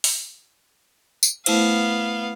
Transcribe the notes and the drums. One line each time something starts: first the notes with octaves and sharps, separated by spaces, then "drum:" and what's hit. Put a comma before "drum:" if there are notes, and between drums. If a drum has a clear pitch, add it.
drum: open hi-hat
drum: tambourine
A3 B3 E4 C5 F5, drum: cymbal